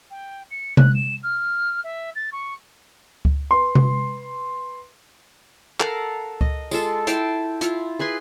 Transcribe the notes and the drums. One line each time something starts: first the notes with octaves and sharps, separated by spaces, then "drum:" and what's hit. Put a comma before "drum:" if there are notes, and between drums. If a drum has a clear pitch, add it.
G5
C#7
F#6, drum: tom C3
E7
F6
E5
A6
C#6
drum: kick C#2
B4 C6
drum: tom C3
A4 A#4 F5 F#5, drum: clap
D#5, drum: kick C#2
G#3 F4 A4, drum: tambourine
E4 G5 A5 C6, drum: hi-hat
E4 F4, drum: hi-hat
G#4 B4 G#5 C6